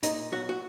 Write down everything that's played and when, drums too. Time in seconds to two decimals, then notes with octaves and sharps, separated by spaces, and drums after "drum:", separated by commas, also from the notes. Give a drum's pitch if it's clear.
0.03 A#2 D#4, drum: hi-hat
0.32 F#3 B3 F#4
0.49 F#4